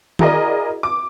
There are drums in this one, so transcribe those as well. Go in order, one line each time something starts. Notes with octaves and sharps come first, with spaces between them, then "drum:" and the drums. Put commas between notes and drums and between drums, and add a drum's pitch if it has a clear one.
E4 F#4 G#4 A#4 D5 D#5, drum: tom D#3
D6